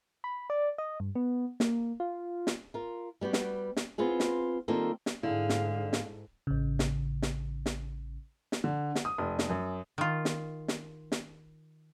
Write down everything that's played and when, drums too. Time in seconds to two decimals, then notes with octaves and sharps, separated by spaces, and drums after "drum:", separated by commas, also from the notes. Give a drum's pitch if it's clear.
0.24 B5
0.50 D5
0.78 D#5
1.00 G2
1.16 B3
1.60 A#3, drum: snare
2.00 F4
2.47 drum: snare
2.74 F4 A#4
3.21 G3 B3 F#4 G4
3.33 drum: snare
3.77 drum: snare
3.98 B3 C4 F4 G#4
4.20 drum: snare
4.68 D#3 G3 A#3 C4 F4 A4
5.06 drum: snare
5.23 G#2 D3 E4 G#4 F5
5.49 drum: snare
5.93 drum: snare
6.47 A1 C#3
6.79 drum: snare
7.22 drum: snare
7.66 drum: snare
8.52 drum: snare
8.64 D3
8.95 drum: snare
9.05 D#6
9.18 F1
9.39 drum: snare
9.49 F#2
9.98 D#3 F4
10.25 drum: snare
10.68 drum: snare
11.12 drum: snare